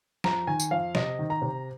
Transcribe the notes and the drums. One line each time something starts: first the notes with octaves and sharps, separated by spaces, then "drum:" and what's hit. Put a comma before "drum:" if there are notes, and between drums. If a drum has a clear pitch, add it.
F2 A#5, drum: snare
D#3 G#5
drum: tambourine
F2 F5
C3 D#5, drum: snare
D#3
A#5
C3